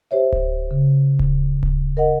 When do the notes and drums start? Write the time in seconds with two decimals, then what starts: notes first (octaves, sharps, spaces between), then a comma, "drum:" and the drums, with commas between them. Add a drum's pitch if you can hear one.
0.11 G4 C5 C#5 E5
0.32 drum: kick D1
0.71 C#3
1.19 drum: kick D1
1.63 drum: kick D1
1.97 A#4 D#5 F#5